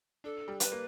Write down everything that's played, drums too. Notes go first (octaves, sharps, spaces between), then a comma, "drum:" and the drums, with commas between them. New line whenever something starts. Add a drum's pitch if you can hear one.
D4 A4
G3
B4, drum: hi-hat
A#3